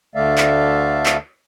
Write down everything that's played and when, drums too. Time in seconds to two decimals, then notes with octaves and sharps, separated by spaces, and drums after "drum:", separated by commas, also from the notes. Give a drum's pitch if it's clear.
0.15 D2 D3 A3 D5 E5 F5
0.38 drum: clap
1.06 drum: clap